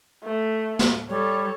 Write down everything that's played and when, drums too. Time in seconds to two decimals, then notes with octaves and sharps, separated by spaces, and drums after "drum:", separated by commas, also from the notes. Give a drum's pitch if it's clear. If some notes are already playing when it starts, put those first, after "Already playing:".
0.23 A3
0.79 drum: snare
1.09 G3 A4 C#5